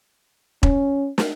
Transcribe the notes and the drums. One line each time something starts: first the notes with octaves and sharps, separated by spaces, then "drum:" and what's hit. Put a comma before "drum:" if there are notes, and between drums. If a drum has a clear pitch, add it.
C#4, drum: kick E1
drum: snare